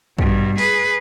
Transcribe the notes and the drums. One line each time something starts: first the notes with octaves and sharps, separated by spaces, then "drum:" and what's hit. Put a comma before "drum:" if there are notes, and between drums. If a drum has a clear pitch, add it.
G2 B2, drum: kick
G#4 B4, drum: open hi-hat